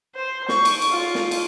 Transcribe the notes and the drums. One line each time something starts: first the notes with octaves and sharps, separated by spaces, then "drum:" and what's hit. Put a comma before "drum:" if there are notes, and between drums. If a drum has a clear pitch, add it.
C5
C#6, drum: snare
drum: cymbal
drum: cymbal
F4
drum: snare
drum: cymbal